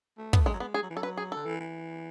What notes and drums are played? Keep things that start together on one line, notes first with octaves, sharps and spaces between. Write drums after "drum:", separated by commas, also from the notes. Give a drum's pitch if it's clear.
A3
B3, drum: kick
G#3
F#3
G#3 B3
G#3 G#4
F#3
E3
F#3 A4
B4
G#4
D3 A4
E3
E3